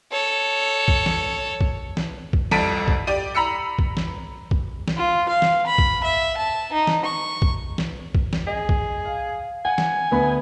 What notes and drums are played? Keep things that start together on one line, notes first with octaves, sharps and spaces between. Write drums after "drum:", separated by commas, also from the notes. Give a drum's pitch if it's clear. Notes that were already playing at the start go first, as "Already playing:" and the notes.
A4 C#5
drum: kick A#1
drum: snare
drum: kick A#1
drum: snare
drum: kick A#1
C2 F2 A4 B6 D7 D#7, drum: snare
drum: kick A#1
G4 D5 D#7
A#5 B5 E6 C#7
drum: kick A#1
drum: snare
drum: kick A#1
drum: snare
F4
F5
drum: snare
B5
drum: kick A#1
E5
A5
D#4
drum: snare
C#6
drum: kick A#1
drum: snare
drum: kick A#1
drum: snare
G#4 D#5
drum: kick A#1
F5
F#5 G#5
drum: snare
D2 B3 B5